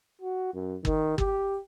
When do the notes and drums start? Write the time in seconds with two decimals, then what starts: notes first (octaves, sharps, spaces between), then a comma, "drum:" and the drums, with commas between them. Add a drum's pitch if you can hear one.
0.21 F#4
0.54 F#2
0.85 D#3, drum: kick
1.18 G4, drum: kick